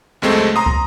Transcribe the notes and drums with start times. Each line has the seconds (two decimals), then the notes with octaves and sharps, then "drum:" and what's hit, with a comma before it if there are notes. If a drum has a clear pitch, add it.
0.22 C#2 F#2 G#3 A3 C4
0.56 A#5 C6 D#6
0.66 drum: kick